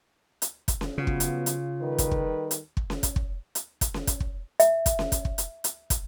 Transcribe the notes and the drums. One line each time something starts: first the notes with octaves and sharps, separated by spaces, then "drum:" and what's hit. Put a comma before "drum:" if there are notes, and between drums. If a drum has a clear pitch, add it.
drum: hi-hat
drum: kick, hi-hat
drum: snare C#4
C#3 F3 F#3 B3 F4
drum: kick
drum: hi-hat
drum: hi-hat
D#3 G3 A4 B4
drum: kick, hi-hat
drum: kick
drum: hi-hat
drum: kick
drum: snare C#4
drum: kick, hi-hat
drum: kick
drum: hi-hat
drum: kick, hi-hat
drum: snare C#4
drum: kick, hi-hat
drum: kick
E5, drum: hi-hat
drum: kick, hi-hat
drum: snare C#4
drum: kick, hi-hat
drum: kick
drum: hi-hat
drum: hi-hat
drum: kick, hi-hat